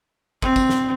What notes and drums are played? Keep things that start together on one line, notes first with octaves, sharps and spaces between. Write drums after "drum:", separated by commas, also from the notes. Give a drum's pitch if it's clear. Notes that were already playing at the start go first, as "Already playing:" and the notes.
C4, drum: kick
drum: kick, tambourine
drum: snare